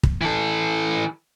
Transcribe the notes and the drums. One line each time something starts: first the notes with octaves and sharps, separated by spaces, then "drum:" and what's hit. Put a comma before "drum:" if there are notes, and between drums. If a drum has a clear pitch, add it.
drum: kick
E3 A4